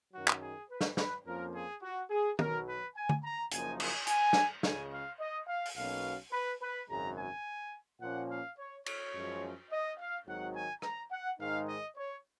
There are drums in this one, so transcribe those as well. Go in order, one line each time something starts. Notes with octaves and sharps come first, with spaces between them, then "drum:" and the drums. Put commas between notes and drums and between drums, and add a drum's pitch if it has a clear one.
F#2 D#3 F#3 F#4
drum: clap
G#4
B4
drum: snare
B4, drum: snare
F2 F3 A#3 C#4 A#4
G#4
F#4
G#4
B1 B2 F#3 A#4, drum: tom
B4
G#5
drum: tom
A#5
F#1 F#2 F3 A#3 D#4 G#5, drum: hi-hat
G#5, drum: cymbal
G#5, drum: hi-hat
drum: snare
C#2 C#3 G#3 G#5, drum: snare
F5
D#5
F5
drum: open hi-hat
B1 B2 F#3 A#3 C#4 F5
B4
B4
G#1 F#2 C#3 G#3 A#5
G#5
A#2 F3 A#3 C#4 F#5
F5
C#5
C#5, drum: cymbal
F#2 F3 G#3 C#4
D#5
F5
G#1 G#2 D#3 F#3 F#5
G#5
A#5, drum: rim click
F#5
G#2 D#3 G#3 D#4 F5
D#5
C#5